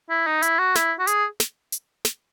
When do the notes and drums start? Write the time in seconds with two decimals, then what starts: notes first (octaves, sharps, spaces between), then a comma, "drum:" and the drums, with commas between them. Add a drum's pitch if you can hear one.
0.10 E4
0.27 D#4
0.42 E4, drum: hi-hat
0.59 F#4
0.75 E4, drum: snare
0.99 F#4
1.07 G#4, drum: hi-hat
1.40 drum: snare
1.72 drum: hi-hat
2.05 drum: snare